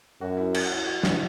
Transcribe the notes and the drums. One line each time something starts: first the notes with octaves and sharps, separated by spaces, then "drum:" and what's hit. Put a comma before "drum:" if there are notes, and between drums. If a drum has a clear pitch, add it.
F#2 F#4
E4
F#4, drum: cymbal
E4
F#4
E4, drum: snare